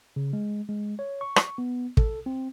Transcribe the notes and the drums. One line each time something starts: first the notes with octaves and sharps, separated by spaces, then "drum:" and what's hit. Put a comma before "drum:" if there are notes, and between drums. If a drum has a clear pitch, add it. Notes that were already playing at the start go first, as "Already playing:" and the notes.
C#3
G#3
G#3
C#5
C#6
drum: rim click
B3
A4, drum: kick
C4